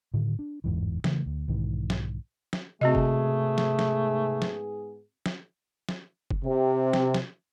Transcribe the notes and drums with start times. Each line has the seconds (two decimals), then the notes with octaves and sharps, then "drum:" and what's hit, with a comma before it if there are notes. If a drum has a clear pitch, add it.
0.14 A2 D3 D#3
0.39 D4
0.64 G1 E2 G#2 E3
1.04 C#3 E3 A3, drum: snare
1.26 D2
1.48 B1 G#2 D#3 E3
1.90 drum: snare
2.53 drum: snare
2.81 G#2 C3 A3 B3 C4 F#4 G#4 D#5
2.95 drum: kick F#1
3.58 drum: snare
3.79 drum: snare
4.42 drum: snare
5.26 drum: snare
5.89 drum: snare
6.31 drum: kick F#1
6.45 C3
6.93 drum: snare
7.14 drum: snare